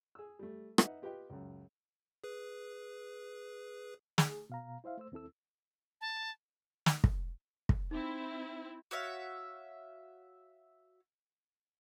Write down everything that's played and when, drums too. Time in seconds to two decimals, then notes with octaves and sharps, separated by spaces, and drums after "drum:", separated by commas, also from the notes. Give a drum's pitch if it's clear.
0.15 G#4 E6
0.39 G3 A3
0.78 D#4 B4 E5 F#5, drum: rim click
1.02 F4 G4 B4 D#5 G5
1.30 C#2 F#2
2.24 G#4 B4
4.18 G#4, drum: snare
4.50 B2 F5 A#5
4.84 E4 C5 E5 F5
4.97 A3 C5 E6
5.12 D#2 C4 E4 A4 E6
6.01 A5
6.86 drum: snare
7.04 drum: kick
7.69 drum: kick
7.91 C4 D#4 E4
8.91 F#4 C#5 E5 F5